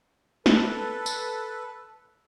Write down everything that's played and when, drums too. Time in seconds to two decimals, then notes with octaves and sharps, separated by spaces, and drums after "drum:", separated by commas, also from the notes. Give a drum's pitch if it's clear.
0.46 A4 B4, drum: snare
1.06 drum: tambourine